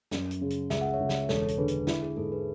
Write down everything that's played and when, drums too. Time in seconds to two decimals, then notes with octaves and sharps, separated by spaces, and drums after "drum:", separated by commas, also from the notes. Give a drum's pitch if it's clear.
0.11 F#2, drum: snare
0.31 drum: hi-hat
0.41 C#3
0.50 drum: hi-hat
0.70 C#2 E5, drum: snare
0.81 F#5
0.94 C#5 E5
1.00 C#2
1.09 drum: snare
1.29 E1 A4 C#5, drum: snare
1.48 drum: hi-hat
1.58 D3 G#4 B4
1.68 drum: hi-hat
1.87 E4, drum: snare
2.02 G#4
2.17 G#2 A4
2.32 G#4 B4